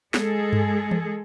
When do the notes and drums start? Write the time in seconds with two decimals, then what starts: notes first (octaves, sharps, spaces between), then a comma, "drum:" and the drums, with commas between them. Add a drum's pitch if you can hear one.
0.14 G#3 G#4 A4, drum: snare
0.53 drum: tom G2
0.91 drum: tom E3